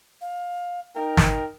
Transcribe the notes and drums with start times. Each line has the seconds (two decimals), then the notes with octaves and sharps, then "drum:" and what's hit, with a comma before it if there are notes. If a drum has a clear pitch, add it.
0.21 F5
0.95 D#4 A#4 G5
1.17 drum: snare